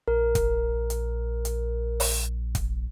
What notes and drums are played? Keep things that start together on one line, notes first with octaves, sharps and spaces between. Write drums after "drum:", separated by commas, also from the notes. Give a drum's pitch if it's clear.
A#1 A#4
drum: kick, hi-hat
drum: hi-hat
drum: hi-hat
drum: open hi-hat
drum: kick, hi-hat